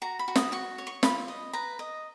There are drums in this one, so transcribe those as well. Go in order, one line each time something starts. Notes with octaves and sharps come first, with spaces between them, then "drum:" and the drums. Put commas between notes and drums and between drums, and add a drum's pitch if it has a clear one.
F#4 A#5
B5
F#4
D#6, drum: snare
F#4 C#6
C#5
C#6
F4 B5, drum: snare
D#5
B4 A#5
D#5